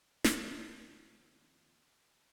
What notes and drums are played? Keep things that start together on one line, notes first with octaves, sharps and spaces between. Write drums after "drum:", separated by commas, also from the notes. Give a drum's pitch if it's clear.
D#2 C3 F3, drum: snare